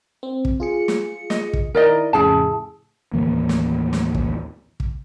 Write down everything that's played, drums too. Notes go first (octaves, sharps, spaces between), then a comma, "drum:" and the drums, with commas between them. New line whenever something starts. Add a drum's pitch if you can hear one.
C4
drum: kick
F4 G#4 C#7
drum: snare
D#5, drum: snare
drum: kick
D#3 E4 A#4 D5 D#5
F2 A2 C#3 E4 G#4 A5
D#2 A2 E3 A#3
drum: snare
drum: snare
drum: kick
drum: kick